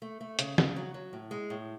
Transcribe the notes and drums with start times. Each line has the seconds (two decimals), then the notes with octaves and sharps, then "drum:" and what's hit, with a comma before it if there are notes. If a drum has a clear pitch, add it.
0.02 A3
0.21 A3
0.39 C#3, drum: hi-hat
0.58 C#3, drum: snare
0.76 F#3
0.94 F#3
1.13 A2
1.31 G#3
1.50 A2